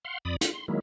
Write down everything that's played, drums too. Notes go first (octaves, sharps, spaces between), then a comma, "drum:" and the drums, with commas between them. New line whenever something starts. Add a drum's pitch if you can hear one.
F5 F#5 C6
F2 D5 B5 D#6
F4, drum: hi-hat
C6
D#3 F#3 G#3 A#3 E4